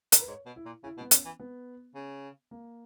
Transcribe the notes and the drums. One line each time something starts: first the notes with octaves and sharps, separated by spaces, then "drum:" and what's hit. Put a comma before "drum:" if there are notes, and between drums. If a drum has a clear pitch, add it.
A#4, drum: hi-hat
B4
G#2 C#5
B2
E4
A#2
C#3 E4
B2
B3
G#2 C#4, drum: hi-hat
E3
B3
C#3
A#3